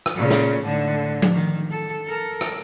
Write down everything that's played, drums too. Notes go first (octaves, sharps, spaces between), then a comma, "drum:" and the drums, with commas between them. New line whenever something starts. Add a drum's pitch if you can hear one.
drum: rim click
A#2 C#3
drum: snare
A2 D3
drum: tom F3
D#3
A4
A4 A#4
drum: rim click